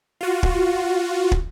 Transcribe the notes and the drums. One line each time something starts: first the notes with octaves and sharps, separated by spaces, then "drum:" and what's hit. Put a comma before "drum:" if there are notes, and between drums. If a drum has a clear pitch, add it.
F4 F#4
drum: kick
drum: kick